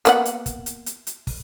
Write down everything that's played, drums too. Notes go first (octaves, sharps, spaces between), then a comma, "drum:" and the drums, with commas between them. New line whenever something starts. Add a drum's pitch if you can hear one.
A#3 B3 F#5, drum: hi-hat
drum: hi-hat
drum: kick, hi-hat
drum: hi-hat
drum: hi-hat
drum: hi-hat
drum: kick, open hi-hat